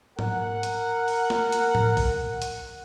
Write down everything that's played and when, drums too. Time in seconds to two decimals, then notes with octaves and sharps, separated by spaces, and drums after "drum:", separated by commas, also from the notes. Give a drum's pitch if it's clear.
0.19 A#4 F#5, drum: tom G#2
0.63 drum: hi-hat
1.08 drum: open hi-hat
1.30 drum: snare
1.52 drum: hi-hat
1.75 drum: tom A2
1.97 drum: kick A#1, open hi-hat
2.42 drum: hi-hat